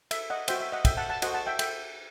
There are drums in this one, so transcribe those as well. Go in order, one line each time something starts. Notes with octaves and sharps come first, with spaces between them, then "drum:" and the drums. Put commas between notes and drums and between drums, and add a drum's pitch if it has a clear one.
E5, drum: cymbal
D#5 F#5
F#4 C5 E5 G5, drum: cymbal
E5
D#5 F#5
E5 G5, drum: kick, cymbal
F#5 A5
F#5 A5
F#4 C5 D#5 F#5, drum: cymbal
F#5 A5
E5 G5
E5 G5, drum: cymbal